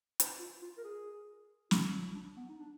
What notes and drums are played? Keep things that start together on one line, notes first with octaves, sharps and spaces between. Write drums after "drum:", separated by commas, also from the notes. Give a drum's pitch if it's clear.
drum: hi-hat
F4
F4
A#4
G#4
F4, drum: snare
D4
B3
D#4
D4